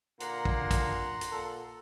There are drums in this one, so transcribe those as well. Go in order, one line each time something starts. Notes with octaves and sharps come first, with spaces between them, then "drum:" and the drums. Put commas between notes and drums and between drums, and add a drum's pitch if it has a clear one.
A#2 D3 A#3 F#5 A#5 C6, drum: hi-hat
drum: kick
drum: kick, hi-hat
drum: hi-hat
A#2 A4